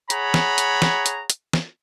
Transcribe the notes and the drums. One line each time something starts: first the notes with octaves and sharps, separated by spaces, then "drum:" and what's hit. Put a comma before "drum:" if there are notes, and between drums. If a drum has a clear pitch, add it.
G#4 C#5 F#5 A#5 B5, drum: hi-hat
drum: snare
drum: hi-hat
drum: snare
drum: hi-hat
drum: hi-hat
drum: snare